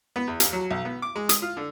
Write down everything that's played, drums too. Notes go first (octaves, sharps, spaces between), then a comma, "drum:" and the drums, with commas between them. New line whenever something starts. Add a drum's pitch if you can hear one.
B3
E2
D#2, drum: hi-hat
F#3
B1
B3
D6
G#3
D#6, drum: hi-hat
F4
D3